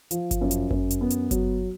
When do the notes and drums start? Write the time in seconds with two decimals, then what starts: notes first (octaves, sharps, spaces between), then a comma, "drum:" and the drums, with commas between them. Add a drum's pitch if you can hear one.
0.11 F3, drum: hi-hat
0.31 drum: kick G1, hi-hat
0.41 F#2
0.51 drum: hi-hat
0.71 F#2, drum: kick G1
0.91 drum: hi-hat
1.01 B3
1.10 drum: hi-hat
1.31 F#3, drum: kick G1, hi-hat